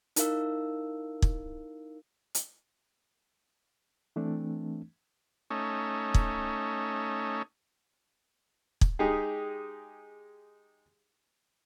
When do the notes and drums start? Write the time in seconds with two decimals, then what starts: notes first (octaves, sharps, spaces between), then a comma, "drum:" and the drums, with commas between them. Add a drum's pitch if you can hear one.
0.16 D#4 E4 A#4 F5 E6, drum: hi-hat
1.22 drum: kick
2.35 drum: hi-hat
4.16 E3 A3 C4 D4
5.50 A3 C#4 D#4
6.14 drum: kick
8.81 drum: kick
8.99 G#3 D#4 G4 G#4